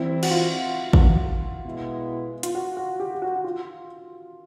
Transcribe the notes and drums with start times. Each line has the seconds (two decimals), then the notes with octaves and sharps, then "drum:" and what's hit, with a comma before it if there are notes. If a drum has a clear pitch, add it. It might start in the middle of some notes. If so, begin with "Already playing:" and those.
Already playing: E3 G3 C4 E4
0.23 F#4, drum: cymbal
0.31 F4
0.93 drum: kick
1.65 B2 G#3 B3 E4
2.43 F4, drum: hi-hat
2.55 F#4
2.77 F#4
3.00 G4
3.15 G4
3.22 F#4
3.36 F#4
3.44 F4